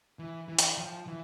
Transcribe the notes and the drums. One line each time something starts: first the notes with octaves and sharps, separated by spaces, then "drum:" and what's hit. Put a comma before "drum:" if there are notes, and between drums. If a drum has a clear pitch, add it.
E3
E3
drum: hi-hat
F3
E3